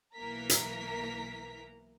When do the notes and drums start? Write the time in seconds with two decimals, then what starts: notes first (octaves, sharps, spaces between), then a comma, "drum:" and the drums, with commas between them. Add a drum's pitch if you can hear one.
0.16 B1 E3 A#3 A#4 A#5 B6
0.50 drum: hi-hat